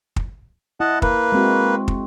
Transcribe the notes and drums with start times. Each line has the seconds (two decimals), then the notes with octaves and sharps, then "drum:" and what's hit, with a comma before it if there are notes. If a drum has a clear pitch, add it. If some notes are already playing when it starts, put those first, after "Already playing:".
0.16 drum: kick
0.80 E4 D#5 F#5 A5
1.02 A#3 B4, drum: kick
1.32 G#3 C4 F#4
1.88 drum: kick